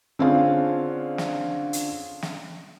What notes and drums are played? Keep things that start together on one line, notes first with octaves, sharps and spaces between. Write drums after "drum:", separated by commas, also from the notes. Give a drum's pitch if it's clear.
D3 C4 C#4 F4 G#4
drum: snare
drum: hi-hat
drum: snare